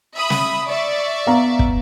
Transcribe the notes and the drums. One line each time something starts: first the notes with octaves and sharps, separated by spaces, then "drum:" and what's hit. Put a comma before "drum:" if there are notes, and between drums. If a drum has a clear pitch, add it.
E5 B5 D#6
drum: snare
D5 E5 C#6
B3 F5 A#5
drum: kick